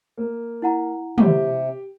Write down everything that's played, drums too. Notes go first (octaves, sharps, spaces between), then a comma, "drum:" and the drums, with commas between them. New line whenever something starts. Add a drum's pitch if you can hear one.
A#3
E4 F#5 A#5
C3 G4, drum: tom